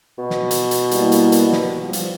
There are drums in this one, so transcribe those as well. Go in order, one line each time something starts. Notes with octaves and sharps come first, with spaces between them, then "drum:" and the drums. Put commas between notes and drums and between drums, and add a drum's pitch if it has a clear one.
B2
drum: snare
drum: hi-hat
drum: hi-hat
G3 A#3 E4, drum: hi-hat
drum: hi-hat
drum: hi-hat
drum: snare
F3 G3
drum: hi-hat